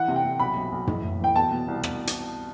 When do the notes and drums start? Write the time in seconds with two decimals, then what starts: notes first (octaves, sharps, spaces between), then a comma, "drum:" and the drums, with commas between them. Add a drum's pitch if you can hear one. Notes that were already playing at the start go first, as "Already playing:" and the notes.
Already playing: E3 F#5
0.08 C3
0.16 G5
0.24 C3
0.39 B1 B5
0.56 B1
0.72 B1
0.87 E3, drum: tom
1.04 A2
1.20 E3 G5
1.36 B2 A5
1.51 B2
1.68 C2
1.83 drum: rim click
2.07 drum: hi-hat